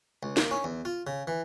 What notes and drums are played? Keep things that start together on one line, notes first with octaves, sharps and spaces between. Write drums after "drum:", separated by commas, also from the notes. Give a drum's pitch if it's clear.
C#2
A#3, drum: snare
C#4
E2
F4
C#3
E3